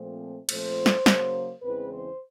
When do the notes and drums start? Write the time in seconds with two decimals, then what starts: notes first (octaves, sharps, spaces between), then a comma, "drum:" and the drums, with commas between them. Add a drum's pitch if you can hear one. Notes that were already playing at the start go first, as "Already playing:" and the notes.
Already playing: A#2 F3 A3 C4
0.49 A#2 F3 A3 C4 C5, drum: cymbal
0.86 drum: snare
1.06 C#3 F#3 A#3, drum: snare
1.62 E2 C#3 E3 G#3 C4 B4
1.90 C5